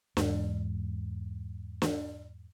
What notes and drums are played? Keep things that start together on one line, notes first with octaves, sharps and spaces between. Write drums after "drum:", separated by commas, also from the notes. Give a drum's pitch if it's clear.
E2 G#2, drum: snare
drum: snare